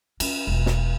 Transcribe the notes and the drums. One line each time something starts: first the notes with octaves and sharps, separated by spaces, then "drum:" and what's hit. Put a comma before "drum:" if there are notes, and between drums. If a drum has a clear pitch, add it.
C#4, drum: cymbal
E1
drum: snare